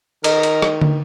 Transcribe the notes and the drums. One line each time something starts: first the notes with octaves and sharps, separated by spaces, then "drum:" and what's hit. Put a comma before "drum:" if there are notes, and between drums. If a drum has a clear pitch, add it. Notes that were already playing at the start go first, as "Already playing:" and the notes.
D#3 A#4 D#5, drum: cymbal
drum: cymbal
drum: rim click
drum: tom